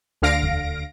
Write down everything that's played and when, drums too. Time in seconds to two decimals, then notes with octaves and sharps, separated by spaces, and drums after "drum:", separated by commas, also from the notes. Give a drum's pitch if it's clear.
0.22 D2 D3 F5 A#6 D7
0.43 drum: kick E2